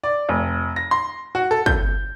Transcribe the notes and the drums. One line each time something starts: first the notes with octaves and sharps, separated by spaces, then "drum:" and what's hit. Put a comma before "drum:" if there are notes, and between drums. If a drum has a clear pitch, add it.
D5
F1
A#6
C6
F#4
A4
G6, drum: kick